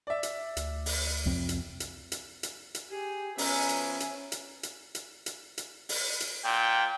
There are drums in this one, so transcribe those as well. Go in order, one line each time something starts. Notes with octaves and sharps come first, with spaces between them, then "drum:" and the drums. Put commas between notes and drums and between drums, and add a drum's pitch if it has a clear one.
D5 E5
drum: hi-hat
D2, drum: hi-hat
drum: open hi-hat
C2 F2 C4
drum: hi-hat
drum: hi-hat
drum: hi-hat
drum: hi-hat
drum: hi-hat
G4 G#4
F3 B3 C#4 E5 G#5 A#5, drum: open hi-hat
drum: hi-hat
drum: hi-hat
drum: hi-hat
drum: hi-hat
drum: hi-hat
drum: hi-hat
drum: hi-hat
drum: open hi-hat
drum: hi-hat
A#2 G5